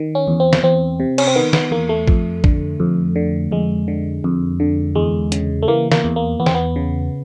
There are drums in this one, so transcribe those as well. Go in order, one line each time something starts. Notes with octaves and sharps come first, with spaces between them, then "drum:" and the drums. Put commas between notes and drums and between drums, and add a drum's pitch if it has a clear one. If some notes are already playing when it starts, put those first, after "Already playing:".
Already playing: D#3
C#4
E2
C4
drum: snare
E2 C4
C3
C#4, drum: cymbal
C4
D#3 B3
B3, drum: snare
E2 A#3
A3
F2, drum: kick
D3, drum: kick
F2
D3
F2 G#3
D3
F2
D3
E2 G#3
C#3, drum: hi-hat
A3
E3 A#3
A#3, drum: snare
E2
A#3
E2 B3
C4, drum: snare
B3
C#3